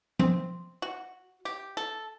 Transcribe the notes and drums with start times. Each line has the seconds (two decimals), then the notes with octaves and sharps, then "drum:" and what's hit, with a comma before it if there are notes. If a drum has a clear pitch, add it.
0.19 C4, drum: tom
0.82 F#4
1.45 G4
1.77 A4